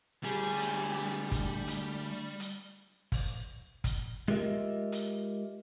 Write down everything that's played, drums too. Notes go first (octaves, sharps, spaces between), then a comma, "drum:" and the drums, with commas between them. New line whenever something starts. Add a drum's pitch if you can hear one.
D2 G3 G#4
drum: hi-hat
drum: kick, hi-hat
drum: hi-hat
drum: hi-hat
drum: kick, open hi-hat
drum: kick, hi-hat
G#3 F4 G4 A#4 D#5 E5
drum: hi-hat